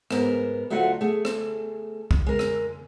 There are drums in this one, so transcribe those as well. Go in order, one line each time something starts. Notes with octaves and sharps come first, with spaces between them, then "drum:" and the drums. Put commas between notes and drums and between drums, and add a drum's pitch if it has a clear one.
G#2 B3 A#4, drum: rim click
D2 F#3 A3 F4 F#4 F#5
A3 G#4
drum: rim click
drum: kick
G#3 A#4
drum: rim click